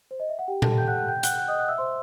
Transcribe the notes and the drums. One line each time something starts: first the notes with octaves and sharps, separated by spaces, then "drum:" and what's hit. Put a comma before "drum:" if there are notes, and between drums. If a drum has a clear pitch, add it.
C5
D#5
E5
F#5
G4 G5
A4 A5, drum: tom A#2
G5 G6
F#5 F#6
F#5 F#6
G5 G6
F#5 F#6, drum: hi-hat
F#5 F#6
D#5 D#6
F#5 F#6
E5 E6
C5 C6